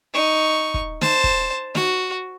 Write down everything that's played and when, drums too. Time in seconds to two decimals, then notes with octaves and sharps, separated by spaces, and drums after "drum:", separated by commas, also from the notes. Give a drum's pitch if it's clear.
0.14 D#4 C#6
0.74 drum: kick
1.01 C5 A5, drum: snare
1.24 drum: kick
1.75 F#4, drum: snare